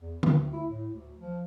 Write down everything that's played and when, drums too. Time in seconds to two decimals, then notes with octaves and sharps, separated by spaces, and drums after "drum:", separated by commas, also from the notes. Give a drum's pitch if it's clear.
0.01 E2
0.23 D#3, drum: tom D3
0.37 D2
0.53 E4
0.68 A2
0.92 D2
1.17 F3